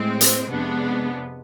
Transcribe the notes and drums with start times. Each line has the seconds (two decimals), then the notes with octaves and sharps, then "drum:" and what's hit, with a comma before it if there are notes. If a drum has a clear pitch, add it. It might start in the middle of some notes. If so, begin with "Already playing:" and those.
Already playing: A2 G#3 C4
0.21 drum: hi-hat
0.50 F2 C3 G#3 B3 D4